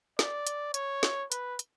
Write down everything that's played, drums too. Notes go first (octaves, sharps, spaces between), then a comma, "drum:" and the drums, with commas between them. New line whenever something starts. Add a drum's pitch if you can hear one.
D5, drum: snare
drum: hi-hat
C#5, drum: hi-hat
drum: snare
B4, drum: hi-hat
drum: hi-hat